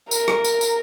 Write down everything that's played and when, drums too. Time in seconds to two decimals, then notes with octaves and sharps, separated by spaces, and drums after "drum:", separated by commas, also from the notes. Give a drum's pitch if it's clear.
0.11 A#4, drum: tambourine
0.28 drum: rim click
0.44 drum: tambourine
0.61 drum: tambourine